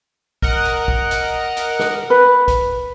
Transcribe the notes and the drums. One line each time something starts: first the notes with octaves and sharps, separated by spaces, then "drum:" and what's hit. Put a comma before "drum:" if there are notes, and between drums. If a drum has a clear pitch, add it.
A#4 D#5 F#5, drum: kick
drum: hi-hat
drum: kick
drum: hi-hat
drum: hi-hat
drum: snare
B4
drum: kick, hi-hat